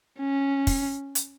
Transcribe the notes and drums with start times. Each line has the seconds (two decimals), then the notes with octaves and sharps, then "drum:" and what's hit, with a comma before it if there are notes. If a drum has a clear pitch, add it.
0.19 C#4
0.67 drum: kick, open hi-hat
1.15 drum: hi-hat